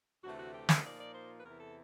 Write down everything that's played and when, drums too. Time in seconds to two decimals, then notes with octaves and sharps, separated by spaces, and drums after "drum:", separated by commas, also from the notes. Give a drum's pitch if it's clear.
0.24 D2 C3 E3 A3 F#4
0.38 F#4
0.53 G4
0.69 A4, drum: snare
0.78 D#5
0.83 A#2 F3 A#3 D#4 D5
0.99 D5
1.13 C5
1.37 B4
1.43 E2 C3 E3 A#4
1.59 A4